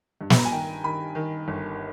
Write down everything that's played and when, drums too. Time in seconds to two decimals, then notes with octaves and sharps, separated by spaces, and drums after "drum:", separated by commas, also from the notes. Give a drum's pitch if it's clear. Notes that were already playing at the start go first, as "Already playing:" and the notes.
0.21 G2
0.30 B5, drum: snare
0.37 A#5
0.45 G#5
0.52 D#3 G5
0.84 D#3 B5
1.15 D#3
1.48 G1